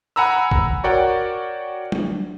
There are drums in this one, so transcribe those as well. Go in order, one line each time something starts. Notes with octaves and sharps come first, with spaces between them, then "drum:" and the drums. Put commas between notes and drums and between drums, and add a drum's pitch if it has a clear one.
F#5 G#5 A#5 B5 E6
drum: kick A#1
F#4 A#4 C#5 D5 F#5 G5
drum: tom F#3